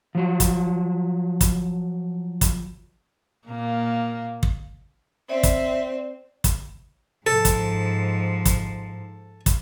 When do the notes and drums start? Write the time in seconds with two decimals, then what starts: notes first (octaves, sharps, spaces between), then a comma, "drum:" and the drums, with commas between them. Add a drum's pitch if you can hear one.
0.15 F3 F#3
0.40 drum: kick, hi-hat
1.41 drum: kick, hi-hat
2.41 drum: kick, hi-hat
3.48 A#2 A#3
4.43 drum: kick
5.29 C4 D5 E5
5.43 drum: kick, hi-hat
6.44 drum: kick, hi-hat
7.26 G#2 F3 A4
7.45 drum: kick, hi-hat
8.45 drum: kick, hi-hat
9.46 drum: kick, hi-hat